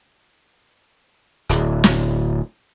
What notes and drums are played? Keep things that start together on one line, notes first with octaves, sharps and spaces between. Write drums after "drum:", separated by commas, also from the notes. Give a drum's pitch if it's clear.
D1, drum: hi-hat
drum: snare